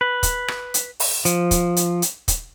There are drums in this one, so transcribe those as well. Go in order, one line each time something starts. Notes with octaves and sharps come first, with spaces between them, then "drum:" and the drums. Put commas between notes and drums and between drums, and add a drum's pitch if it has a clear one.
B4
drum: kick, hi-hat
drum: rim click
drum: hi-hat
drum: open hi-hat
F3, drum: hi-hat
drum: kick, hi-hat
drum: hi-hat
drum: hi-hat
drum: kick, hi-hat